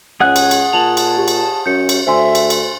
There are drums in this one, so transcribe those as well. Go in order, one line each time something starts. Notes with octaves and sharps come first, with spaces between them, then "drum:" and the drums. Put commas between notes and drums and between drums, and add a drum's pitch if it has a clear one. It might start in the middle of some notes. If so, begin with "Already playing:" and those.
C#2 G#4 F#5 F#6
drum: cymbal
drum: cymbal
A#2 A5 F7 F#7
drum: cymbal
G4
drum: cymbal
F#2 G6 C#7
drum: cymbal
D2 C5 E5 G#5 C6
drum: cymbal
drum: cymbal